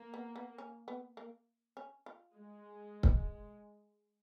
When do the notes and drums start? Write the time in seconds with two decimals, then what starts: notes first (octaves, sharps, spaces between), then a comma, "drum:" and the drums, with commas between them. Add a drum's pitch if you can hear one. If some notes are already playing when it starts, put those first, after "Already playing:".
Already playing: A#3
0.14 B3
0.36 B3
0.58 C#4
0.88 B3
1.17 A#3
1.77 C#4
2.06 F4
2.36 G#3
3.03 drum: kick C#1